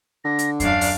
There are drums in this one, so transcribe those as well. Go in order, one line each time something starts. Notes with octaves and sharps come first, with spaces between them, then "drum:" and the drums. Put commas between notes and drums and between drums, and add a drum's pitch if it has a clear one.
D3 A#6
drum: hi-hat
F#2 D4 F5 C7, drum: kick D#2, hi-hat
drum: open hi-hat